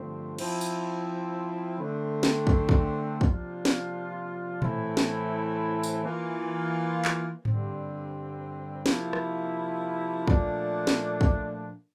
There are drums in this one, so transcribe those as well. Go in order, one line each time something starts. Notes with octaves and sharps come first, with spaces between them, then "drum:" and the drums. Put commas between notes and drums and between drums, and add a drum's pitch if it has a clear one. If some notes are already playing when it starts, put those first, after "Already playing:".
Already playing: G2 D3 F3 A3 C4
F3 C4 E4, drum: cymbal
drum: tambourine
D3 A3 C4
drum: snare
drum: kick
drum: kick
C3 F3 A#3 D4 F4, drum: kick
drum: snare
A2 E3 A3 C4 E4, drum: tom A#2
drum: snare
drum: tambourine
E3 A#3 F4
drum: clap
G2 D3 G3 C4, drum: tom G#2
C3 F3 A#3 E4, drum: snare
drum: rim click
A#2 F3 A3 D4, drum: kick
drum: snare
drum: kick